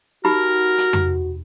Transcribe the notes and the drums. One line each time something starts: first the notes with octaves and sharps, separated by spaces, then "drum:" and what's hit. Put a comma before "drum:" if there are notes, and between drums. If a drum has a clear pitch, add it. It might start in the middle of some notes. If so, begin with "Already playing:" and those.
D#4 F#4 G4 A#4 B5
drum: hi-hat
drum: tom F2